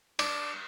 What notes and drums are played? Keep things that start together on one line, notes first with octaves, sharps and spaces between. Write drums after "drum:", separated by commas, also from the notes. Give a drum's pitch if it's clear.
D4, drum: cymbal